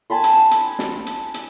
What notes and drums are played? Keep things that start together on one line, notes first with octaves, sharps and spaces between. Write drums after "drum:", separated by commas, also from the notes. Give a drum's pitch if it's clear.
G#5 A5 B5 C6
drum: hi-hat
drum: hi-hat
drum: snare
drum: hi-hat
drum: hi-hat